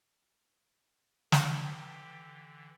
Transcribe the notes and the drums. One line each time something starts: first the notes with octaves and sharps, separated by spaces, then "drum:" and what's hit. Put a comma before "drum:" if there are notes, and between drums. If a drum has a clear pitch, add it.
D3 E3 G4, drum: snare